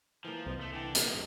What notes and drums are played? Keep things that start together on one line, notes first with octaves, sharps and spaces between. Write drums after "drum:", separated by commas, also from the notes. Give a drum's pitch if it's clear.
E3 F3 A#3
C2 C5 D#5
A3
D3 E3 D4 G5
A#2, drum: hi-hat
G2 F#3 D#5